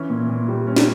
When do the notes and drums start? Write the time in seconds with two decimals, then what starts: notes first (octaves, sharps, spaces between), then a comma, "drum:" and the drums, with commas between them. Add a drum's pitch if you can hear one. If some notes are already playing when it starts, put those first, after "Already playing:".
Already playing: E3 C#4
0.10 A#2
0.30 A#2
0.48 G3
0.67 C#4
0.76 drum: snare